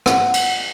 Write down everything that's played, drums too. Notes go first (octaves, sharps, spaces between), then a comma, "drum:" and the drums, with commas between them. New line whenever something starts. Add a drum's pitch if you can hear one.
F#5, drum: rim click
drum: cymbal